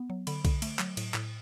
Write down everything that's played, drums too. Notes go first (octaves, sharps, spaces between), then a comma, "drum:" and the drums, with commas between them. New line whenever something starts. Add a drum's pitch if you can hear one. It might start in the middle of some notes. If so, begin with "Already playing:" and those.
Already playing: B3
F#3
D3 B5, drum: cymbal
D3, drum: kick B1, cymbal
A3, drum: cymbal
F#3, drum: clap
A2, drum: cymbal
A2, drum: clap